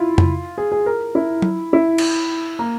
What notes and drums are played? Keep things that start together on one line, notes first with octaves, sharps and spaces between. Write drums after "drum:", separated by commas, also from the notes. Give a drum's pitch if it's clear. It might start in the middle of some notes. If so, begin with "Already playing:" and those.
Already playing: E4 F4
drum: tom F2
G#4
G#4
A#4
E4
drum: tom F#3
E4
drum: cymbal
A#3